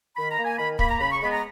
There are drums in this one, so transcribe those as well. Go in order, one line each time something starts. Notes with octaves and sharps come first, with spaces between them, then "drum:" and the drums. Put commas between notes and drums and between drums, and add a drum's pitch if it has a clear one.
D#3 B5
A#5
A#3
G#5
D#3 B5
A#3 B5, drum: kick
A#5
C#3 B5
C#6
G#3 B3 B5
A#5